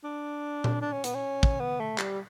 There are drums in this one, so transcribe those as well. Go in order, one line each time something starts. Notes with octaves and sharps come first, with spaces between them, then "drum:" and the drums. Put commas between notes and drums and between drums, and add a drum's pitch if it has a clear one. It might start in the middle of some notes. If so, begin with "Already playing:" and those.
D4
drum: tom A#2
D4
C#4
B3, drum: hi-hat
C#4
drum: kick
B3
A3
G3, drum: clap